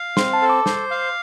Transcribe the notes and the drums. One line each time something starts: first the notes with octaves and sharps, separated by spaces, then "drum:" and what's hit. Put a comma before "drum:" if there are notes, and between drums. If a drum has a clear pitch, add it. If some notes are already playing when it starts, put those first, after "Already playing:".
Already playing: F5
C4 C6, drum: snare
A5
A4
D6
C5, drum: snare
F5